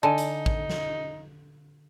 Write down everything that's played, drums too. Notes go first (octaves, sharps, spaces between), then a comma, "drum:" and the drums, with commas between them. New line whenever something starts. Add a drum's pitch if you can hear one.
D3 D#4 G#5 A5
drum: hi-hat
drum: kick
drum: snare